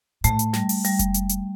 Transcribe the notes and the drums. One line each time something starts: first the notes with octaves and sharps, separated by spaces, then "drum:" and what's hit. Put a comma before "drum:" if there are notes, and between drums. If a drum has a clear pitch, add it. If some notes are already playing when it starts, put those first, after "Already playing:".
A2 A3, drum: hi-hat
drum: hi-hat
G3, drum: snare
drum: open hi-hat
G3, drum: hi-hat
drum: kick F1, hi-hat
drum: hi-hat
drum: hi-hat